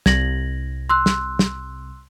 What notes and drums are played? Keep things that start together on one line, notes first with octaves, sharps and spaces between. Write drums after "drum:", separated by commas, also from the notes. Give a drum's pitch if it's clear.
C2 G#6 A#6 F#7, drum: snare
C6 E6 F#6
drum: snare
drum: snare